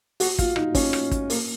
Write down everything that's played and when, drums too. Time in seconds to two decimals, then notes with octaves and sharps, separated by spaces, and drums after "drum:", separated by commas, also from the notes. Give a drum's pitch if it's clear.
0.20 F#4, drum: open hi-hat
0.39 F4, drum: kick, hi-hat
0.56 D#4, drum: rim click
0.75 C#4, drum: kick, open hi-hat
0.93 drum: rim click
1.11 drum: kick, hi-hat
1.30 A#3, drum: open hi-hat